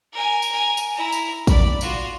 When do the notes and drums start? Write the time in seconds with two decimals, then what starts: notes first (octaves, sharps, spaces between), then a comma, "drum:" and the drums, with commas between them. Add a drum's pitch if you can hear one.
0.13 A#4 G#5
0.42 drum: tambourine
0.51 A#4 G#5
0.77 drum: tambourine
0.94 E4 A#5
1.12 drum: tambourine
1.47 D5 B5, drum: kick A1, tambourine
1.81 F4 F#4, drum: tambourine